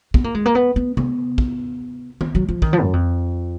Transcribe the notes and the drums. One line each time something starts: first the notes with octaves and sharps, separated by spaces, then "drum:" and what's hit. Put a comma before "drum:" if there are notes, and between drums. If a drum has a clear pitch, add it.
B3, drum: kick
A#3
G#3
A#3
B3
B3
B3, drum: tom C3
drum: kick
B3, drum: tom D#3
F#3
F3
D#3, drum: kick
F3
F#2
F2